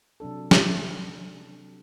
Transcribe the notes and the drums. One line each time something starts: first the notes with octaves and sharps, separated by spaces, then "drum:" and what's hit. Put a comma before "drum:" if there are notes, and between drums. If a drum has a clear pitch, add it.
C3 F#3 D4 A4
drum: snare